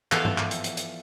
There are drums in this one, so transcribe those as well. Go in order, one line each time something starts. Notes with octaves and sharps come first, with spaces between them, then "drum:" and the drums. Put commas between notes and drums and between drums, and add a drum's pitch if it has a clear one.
E3 F3 B3 A4 E5 F5, drum: clap
drum: tom G2
drum: clap
drum: hi-hat
drum: hi-hat
drum: hi-hat